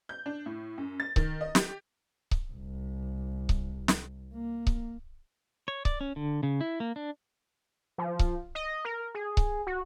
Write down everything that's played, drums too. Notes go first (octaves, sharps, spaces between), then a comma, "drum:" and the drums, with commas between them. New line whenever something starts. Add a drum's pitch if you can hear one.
G6
D4
A2
F#2
A6
D#3, drum: kick C#1
D#5
G4, drum: snare
drum: kick C#1
C2
drum: kick C#1
drum: snare
A#3
drum: kick C#1
C#5
D5, drum: kick C#1
C#4
D3
C#3
E4
A#3
D4
F3
drum: kick C#1
D#5
A#4
G#4
drum: kick C#1
F#4